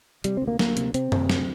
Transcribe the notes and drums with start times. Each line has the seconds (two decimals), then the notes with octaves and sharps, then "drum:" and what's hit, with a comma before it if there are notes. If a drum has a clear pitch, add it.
0.24 C3 G3, drum: hi-hat
0.37 D2 C4
0.48 A#3
0.59 D2 A#3, drum: snare
0.77 C3, drum: hi-hat
0.94 C3 C4, drum: hi-hat
1.12 C3, drum: tom F#2
1.30 D2, drum: snare